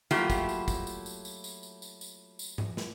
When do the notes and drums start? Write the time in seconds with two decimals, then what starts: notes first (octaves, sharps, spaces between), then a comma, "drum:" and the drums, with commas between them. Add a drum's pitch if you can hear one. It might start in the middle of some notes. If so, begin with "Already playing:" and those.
0.11 F#3 A3 A#3 E4 F4 G4, drum: tambourine
0.30 drum: kick, tambourine
0.49 drum: tambourine
0.68 drum: kick, tambourine
0.87 drum: tambourine
1.06 drum: tambourine
1.25 drum: tambourine
1.44 drum: tambourine
1.63 drum: tambourine
1.82 drum: tambourine
2.01 drum: tambourine
2.39 drum: tambourine
2.58 drum: tom G#2
2.77 drum: snare